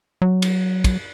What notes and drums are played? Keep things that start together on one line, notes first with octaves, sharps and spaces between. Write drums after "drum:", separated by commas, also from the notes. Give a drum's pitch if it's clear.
F#3
drum: cymbal
drum: kick, cymbal